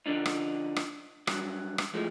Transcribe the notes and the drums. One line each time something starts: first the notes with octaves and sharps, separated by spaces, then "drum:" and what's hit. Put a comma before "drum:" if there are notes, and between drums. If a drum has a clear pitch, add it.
D3 F3 D4 D#4
drum: rim click
drum: rim click
G2 F#3, drum: rim click
drum: rim click
E3 F3 G#3 A3